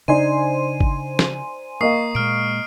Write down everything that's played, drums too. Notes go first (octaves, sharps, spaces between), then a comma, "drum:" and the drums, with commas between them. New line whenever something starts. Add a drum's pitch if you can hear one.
C#3 D4 D#4 C5 D5 G#5 C6 D#7
drum: kick
drum: snare
A#3 D#5 F5 C#6 D#6 C7
A#2 G#3 F6 D7